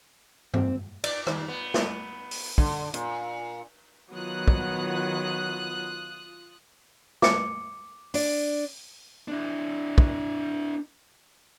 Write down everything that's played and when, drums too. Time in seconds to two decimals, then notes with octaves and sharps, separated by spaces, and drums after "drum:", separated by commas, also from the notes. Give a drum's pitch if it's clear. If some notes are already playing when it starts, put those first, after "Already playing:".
0.54 C4, drum: tom G2
1.04 D5, drum: cymbal
1.27 D#2, drum: rim click
1.48 B3
1.74 drum: snare
2.31 drum: open hi-hat
2.58 D3, drum: kick
2.94 A#2, drum: hi-hat
4.13 D#3 F#3 B3 F4 D#6 F#6
4.48 drum: kick
7.22 D6 C#7, drum: snare
8.14 D4 D5, drum: open hi-hat
9.28 D4 E4
9.98 drum: kick